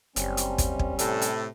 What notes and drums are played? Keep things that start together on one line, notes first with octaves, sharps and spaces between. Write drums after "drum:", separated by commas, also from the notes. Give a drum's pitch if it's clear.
F#1 G3 C4 C#4, drum: hi-hat
drum: hi-hat
drum: kick, hi-hat
drum: kick
A2 C3 A4, drum: hi-hat
drum: hi-hat